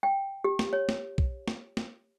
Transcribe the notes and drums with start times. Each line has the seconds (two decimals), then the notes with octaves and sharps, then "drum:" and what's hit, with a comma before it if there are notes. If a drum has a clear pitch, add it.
0.03 G5
0.44 G4
0.59 drum: snare
0.73 C#5
0.89 drum: snare
1.18 drum: kick
1.48 drum: snare
1.77 drum: snare